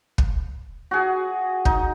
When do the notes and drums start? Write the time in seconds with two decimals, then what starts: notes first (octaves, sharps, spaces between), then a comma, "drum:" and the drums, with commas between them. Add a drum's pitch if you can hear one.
0.18 drum: kick
0.91 F#4 G#4
1.65 D#4, drum: kick